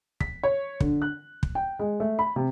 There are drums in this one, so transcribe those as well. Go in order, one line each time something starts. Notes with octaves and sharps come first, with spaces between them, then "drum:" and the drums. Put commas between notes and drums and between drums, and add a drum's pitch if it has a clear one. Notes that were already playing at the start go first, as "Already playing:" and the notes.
B6, drum: kick
C#5
D3, drum: kick
F#6
drum: kick
G5
G#3
A3
B5
C3